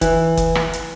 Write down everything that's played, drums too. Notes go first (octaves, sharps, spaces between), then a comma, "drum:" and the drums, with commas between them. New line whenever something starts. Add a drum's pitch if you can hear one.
E3, drum: kick F#1, hi-hat
drum: kick F#1, hi-hat
drum: rim click
drum: hi-hat